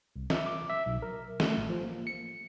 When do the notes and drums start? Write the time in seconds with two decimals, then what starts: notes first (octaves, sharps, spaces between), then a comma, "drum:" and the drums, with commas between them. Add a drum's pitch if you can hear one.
0.16 C2
0.30 E5, drum: snare
0.46 D6
0.70 E5
0.86 B1
1.02 A#4
1.40 A3, drum: snare
1.57 A1
1.70 F3
1.83 A#3
2.07 C#7